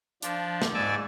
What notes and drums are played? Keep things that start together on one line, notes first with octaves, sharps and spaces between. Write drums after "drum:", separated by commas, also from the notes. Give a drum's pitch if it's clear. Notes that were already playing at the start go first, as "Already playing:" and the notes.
F3 D4, drum: hi-hat
drum: snare
G#2 D5 G#5 D6 E6 A6